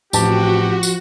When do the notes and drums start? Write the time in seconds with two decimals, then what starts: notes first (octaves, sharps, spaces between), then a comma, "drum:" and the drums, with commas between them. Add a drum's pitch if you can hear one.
0.13 A1 F3 C4 F#4 G4 A5, drum: tambourine
0.83 drum: tambourine